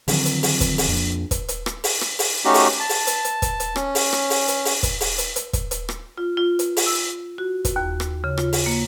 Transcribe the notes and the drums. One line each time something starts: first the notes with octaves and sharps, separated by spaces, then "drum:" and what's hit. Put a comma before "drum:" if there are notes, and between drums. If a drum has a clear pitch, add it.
F2 D3 D#3 F#3, drum: open hi-hat
drum: hi-hat
drum: open hi-hat
drum: kick, hi-hat
drum: open hi-hat
A#1 F2
drum: kick, hi-hat
drum: hi-hat
drum: rim click
drum: open hi-hat
drum: rim click
drum: open hi-hat
A3 C#4 D#4 F#4 G4
drum: open hi-hat
A5
drum: open hi-hat
drum: hi-hat
drum: hi-hat
drum: kick, hi-hat
drum: hi-hat
C#4, drum: rim click
drum: open hi-hat
drum: rim click
drum: open hi-hat
drum: hi-hat
drum: open hi-hat
drum: kick, hi-hat
drum: open hi-hat
drum: hi-hat
drum: hi-hat
drum: kick, hi-hat
drum: hi-hat
drum: rim click
F4
F4
drum: hi-hat
drum: open hi-hat
E6
F#4
drum: kick, hi-hat
D#2
drum: rim click
C#3
F4, drum: rim click
drum: open hi-hat
A#3